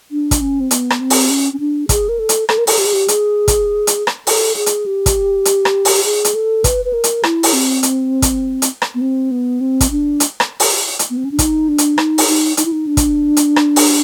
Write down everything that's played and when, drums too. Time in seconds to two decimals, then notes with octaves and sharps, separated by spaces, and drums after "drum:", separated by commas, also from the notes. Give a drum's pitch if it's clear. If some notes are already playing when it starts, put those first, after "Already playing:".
0.11 D4
0.31 drum: kick, hi-hat
0.41 C#4
0.60 C4
0.71 B3, drum: hi-hat
0.90 drum: rim click
1.00 C4
1.10 drum: open hi-hat
1.30 C#4
1.53 C#4
1.60 D4
1.89 G#4, drum: kick, hi-hat
2.09 A#4
2.19 A4
2.29 drum: hi-hat
2.49 A4, drum: rim click
2.58 A#4
2.67 A4, drum: open hi-hat
2.79 G4
2.86 G#4
2.94 G4
3.08 G#4, drum: hi-hat
3.48 drum: kick, hi-hat
3.87 drum: hi-hat
4.07 drum: rim click
4.27 A4, drum: open hi-hat
4.56 G#4
4.66 drum: hi-hat
4.86 G4
5.06 drum: kick, hi-hat
5.45 drum: hi-hat
5.65 drum: rim click
5.85 drum: open hi-hat
6.05 G#4
6.25 drum: hi-hat
6.35 A4
6.64 B4, drum: kick, hi-hat
6.85 B4
6.93 A#4
7.04 drum: hi-hat
7.23 E4, drum: rim click
7.43 drum: open hi-hat
7.53 C4
7.83 drum: hi-hat
8.22 drum: kick, hi-hat
8.62 drum: hi-hat
8.82 drum: rim click
8.95 B3
9.01 C4
9.31 B3
9.61 C4
9.81 drum: kick, hi-hat
9.91 D4
10.20 drum: hi-hat
10.40 drum: rim click
10.60 drum: open hi-hat
10.99 drum: hi-hat
11.10 B3
11.17 C4
11.25 C#4
11.31 D4
11.39 D#4, drum: kick, hi-hat
11.68 D4
11.78 drum: hi-hat
11.98 D#4, drum: rim click
12.18 drum: open hi-hat
12.28 D#4
12.57 D#4, drum: hi-hat
12.65 E4
12.72 D#4
12.87 D4
12.97 drum: kick, hi-hat
13.37 drum: hi-hat
13.56 drum: rim click
13.76 drum: open hi-hat